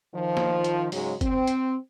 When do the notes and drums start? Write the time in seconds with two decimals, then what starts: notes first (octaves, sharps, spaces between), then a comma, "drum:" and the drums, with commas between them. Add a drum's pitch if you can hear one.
0.14 D#3 F3
0.37 drum: snare
0.64 drum: hi-hat
0.92 G#2 C#3 F#3 G#3, drum: open hi-hat
1.21 C4, drum: kick F#1, hi-hat
1.47 drum: hi-hat